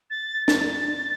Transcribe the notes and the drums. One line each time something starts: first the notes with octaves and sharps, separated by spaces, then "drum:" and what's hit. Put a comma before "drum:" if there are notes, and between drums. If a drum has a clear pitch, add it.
A6
A6, drum: snare